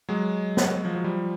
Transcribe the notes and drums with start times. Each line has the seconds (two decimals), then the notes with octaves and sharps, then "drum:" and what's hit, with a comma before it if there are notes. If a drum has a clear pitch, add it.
0.09 F#3 G#3
0.57 drum: snare
0.85 F3
0.95 F#3
1.04 F3 G3